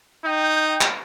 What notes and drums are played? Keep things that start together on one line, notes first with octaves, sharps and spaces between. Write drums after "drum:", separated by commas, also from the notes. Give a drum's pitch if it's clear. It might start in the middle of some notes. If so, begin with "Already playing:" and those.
D#4 G5 G6
drum: clap